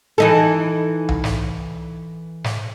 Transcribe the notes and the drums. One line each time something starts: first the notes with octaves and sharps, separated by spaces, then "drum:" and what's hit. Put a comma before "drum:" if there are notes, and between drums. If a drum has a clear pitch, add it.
E3 D#4 A4
drum: tom C2
drum: snare
drum: snare